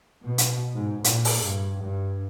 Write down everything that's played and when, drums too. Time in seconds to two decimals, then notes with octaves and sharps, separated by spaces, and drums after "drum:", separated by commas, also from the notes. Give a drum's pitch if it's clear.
0.25 B2
0.38 drum: hi-hat
0.75 G#2
1.04 A#2, drum: hi-hat
1.25 drum: open hi-hat
1.42 G2
1.82 G2